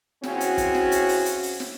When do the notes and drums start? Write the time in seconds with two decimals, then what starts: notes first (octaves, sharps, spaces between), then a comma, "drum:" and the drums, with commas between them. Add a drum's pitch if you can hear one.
0.23 C#3 C4 C#4 E4 F#4, drum: snare
0.41 drum: hi-hat
0.58 drum: kick, hi-hat
0.75 drum: snare
0.92 drum: hi-hat
1.09 drum: open hi-hat
1.26 drum: hi-hat
1.43 drum: open hi-hat
1.60 drum: snare